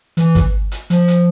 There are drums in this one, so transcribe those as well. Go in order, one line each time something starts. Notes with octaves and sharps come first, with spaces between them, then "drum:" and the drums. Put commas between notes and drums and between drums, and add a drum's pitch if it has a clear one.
E3, drum: hi-hat
drum: kick, hi-hat
drum: hi-hat
F3, drum: hi-hat
drum: hi-hat